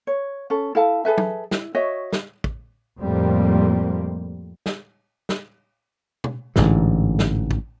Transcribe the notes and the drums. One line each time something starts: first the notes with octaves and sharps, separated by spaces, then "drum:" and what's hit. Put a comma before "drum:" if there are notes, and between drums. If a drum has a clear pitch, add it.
C#5
C#4 A4
E4 A4 F5 A5
G#4 A4 B4 E5
drum: tom F#3
E4, drum: snare
F#4 C#5 D#5 E5
drum: snare
drum: kick
F2 A2 G3 A#3 C4
drum: snare
drum: snare
drum: tom
A1 G#2 D3 E3, drum: snare
drum: snare
drum: kick